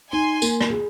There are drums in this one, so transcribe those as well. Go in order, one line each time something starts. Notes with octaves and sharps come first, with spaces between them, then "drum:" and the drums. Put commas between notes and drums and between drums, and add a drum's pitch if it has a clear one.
D#4 G#5 C6
A#3, drum: tambourine
drum: rim click
G#4